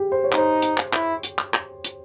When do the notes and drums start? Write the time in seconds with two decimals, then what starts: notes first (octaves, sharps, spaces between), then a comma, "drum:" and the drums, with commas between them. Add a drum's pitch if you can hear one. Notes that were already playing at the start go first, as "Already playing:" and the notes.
Already playing: G4 G#4
0.12 C5
0.24 C#5
0.32 D#4 C5, drum: clap
0.62 drum: hi-hat
0.78 drum: clap
0.93 E4, drum: clap
1.23 drum: hi-hat
1.39 drum: clap
1.54 drum: clap
1.84 drum: hi-hat